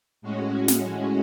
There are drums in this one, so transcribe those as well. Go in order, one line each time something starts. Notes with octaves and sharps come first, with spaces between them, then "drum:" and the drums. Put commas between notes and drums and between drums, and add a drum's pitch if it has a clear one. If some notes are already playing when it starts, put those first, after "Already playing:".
A2 G#3 C#4 F#4
drum: snare